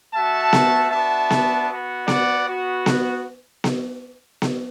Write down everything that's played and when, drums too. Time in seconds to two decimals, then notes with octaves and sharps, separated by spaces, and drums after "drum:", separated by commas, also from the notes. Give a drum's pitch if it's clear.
0.13 A3 F#4 E5 A5
0.53 drum: snare B3
0.91 B3 D4 F#4 E5 A5
1.30 drum: snare B3
1.70 B3 F#4
2.08 D5 F#5, drum: snare B3
2.48 B3 F#4
2.86 drum: snare B3
3.64 drum: snare B3
4.42 drum: snare B3